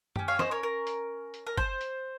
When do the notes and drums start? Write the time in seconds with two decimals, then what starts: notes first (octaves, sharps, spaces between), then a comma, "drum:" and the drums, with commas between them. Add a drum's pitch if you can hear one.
0.16 C#4 G4, drum: tom F#2
0.28 C#5 F5
0.39 C5 D#5, drum: snare
0.51 A#4 C#5
0.63 A#4
0.87 drum: hi-hat
1.34 drum: hi-hat
1.47 A#4
1.57 C5, drum: kick F#1
1.81 drum: hi-hat